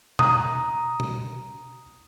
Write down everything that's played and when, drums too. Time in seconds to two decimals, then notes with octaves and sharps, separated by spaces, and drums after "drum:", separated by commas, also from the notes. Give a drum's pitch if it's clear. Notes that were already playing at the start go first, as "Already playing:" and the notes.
0.19 A#5 D#6, drum: tom B2
1.00 drum: tom